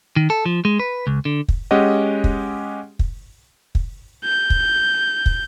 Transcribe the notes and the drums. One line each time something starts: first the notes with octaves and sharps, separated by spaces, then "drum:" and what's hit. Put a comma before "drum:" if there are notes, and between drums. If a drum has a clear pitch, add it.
D#3
A4
F3
G#3
B4
C#2
D3
drum: kick
G#3 C#4 G4 D#5 F#5
drum: kick
drum: kick
drum: kick
G6
drum: kick
drum: kick